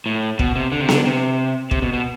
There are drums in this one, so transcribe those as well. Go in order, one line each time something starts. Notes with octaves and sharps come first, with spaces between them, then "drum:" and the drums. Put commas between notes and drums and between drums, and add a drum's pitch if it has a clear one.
A2
B2, drum: kick
C3
D3
C3
D3, drum: snare B3
C3
C3, drum: kick
B2
B2